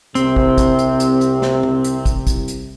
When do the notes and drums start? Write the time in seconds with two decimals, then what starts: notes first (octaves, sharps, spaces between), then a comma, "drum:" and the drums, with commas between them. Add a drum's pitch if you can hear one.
0.15 C2 C3 C4, drum: hi-hat
0.36 drum: kick
0.58 drum: kick, hi-hat
0.79 drum: hi-hat
1.00 drum: hi-hat
1.21 drum: hi-hat
1.42 drum: snare
1.63 drum: tom C3
1.84 drum: hi-hat
2.06 drum: kick, hi-hat
2.27 drum: kick, hi-hat
2.48 drum: hi-hat